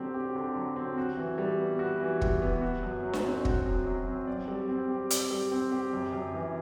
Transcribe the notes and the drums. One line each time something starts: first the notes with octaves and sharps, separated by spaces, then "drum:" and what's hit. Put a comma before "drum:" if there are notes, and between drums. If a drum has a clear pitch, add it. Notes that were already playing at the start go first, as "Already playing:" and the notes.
Already playing: D3 F#3 C4 G4
G4
D3
F#3
C4
F#4
E3
G3
B3
F#4
E3
G3, drum: kick
B3
F#4
F#2
F#3
drum: snare D4
C4
F#4, drum: kick
F#2
F#3
C4
D5
G3
C4
G4
D5, drum: hi-hat
G3
C4
G4
F#2
F#2
E3